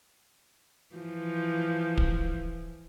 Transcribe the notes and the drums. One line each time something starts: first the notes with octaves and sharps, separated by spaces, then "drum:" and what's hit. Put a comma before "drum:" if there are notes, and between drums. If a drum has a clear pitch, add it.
E3 F3
drum: kick